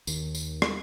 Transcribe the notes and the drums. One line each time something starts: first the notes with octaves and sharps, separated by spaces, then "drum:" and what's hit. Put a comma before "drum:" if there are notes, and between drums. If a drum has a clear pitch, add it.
D#2 D#3, drum: tambourine
drum: tambourine
drum: rim click